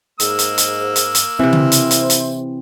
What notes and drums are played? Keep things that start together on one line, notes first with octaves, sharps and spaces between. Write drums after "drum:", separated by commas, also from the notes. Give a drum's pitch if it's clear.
G#2 A#3 E6, drum: hi-hat
drum: hi-hat
drum: hi-hat
drum: hi-hat
drum: hi-hat
C3 E3 C4 E4 C5
drum: tom C#3
drum: hi-hat
drum: hi-hat
drum: hi-hat